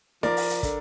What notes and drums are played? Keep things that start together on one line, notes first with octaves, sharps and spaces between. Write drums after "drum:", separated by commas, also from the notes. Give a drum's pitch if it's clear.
F3 A#4 D5, drum: snare D#4
drum: open hi-hat
drum: hi-hat
D3, drum: kick, hi-hat